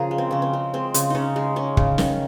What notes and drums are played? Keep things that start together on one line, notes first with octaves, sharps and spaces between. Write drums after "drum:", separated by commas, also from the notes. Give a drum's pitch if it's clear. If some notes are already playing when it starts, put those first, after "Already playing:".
Already playing: C#3 F3 G#4 A#4
G#3
C4
C#3 C#4
C4
G#3
G#3 C4
C#3, drum: hi-hat
C#3 C#4 D#4
G#3
G#3 C#4
C#3, drum: kick
D#3 C#4, drum: snare